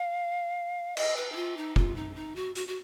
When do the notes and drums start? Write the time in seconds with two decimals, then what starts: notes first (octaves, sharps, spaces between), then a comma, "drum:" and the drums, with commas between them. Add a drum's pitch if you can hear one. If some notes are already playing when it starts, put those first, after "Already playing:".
Already playing: F5
0.97 D#5, drum: cymbal
1.16 B4
1.32 D#4
1.36 F4
1.57 D#4
1.76 F4, drum: kick F1
1.96 D#4
2.16 D#4
2.36 F#4
2.55 F#4, drum: hi-hat
2.68 F#4